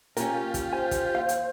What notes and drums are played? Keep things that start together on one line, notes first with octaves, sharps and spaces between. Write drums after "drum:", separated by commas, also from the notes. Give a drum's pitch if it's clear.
A#3 C#4 F4 G4 A#4, drum: hi-hat
drum: kick, hi-hat
C5 G#5
drum: kick, hi-hat
D#2 F5
drum: hi-hat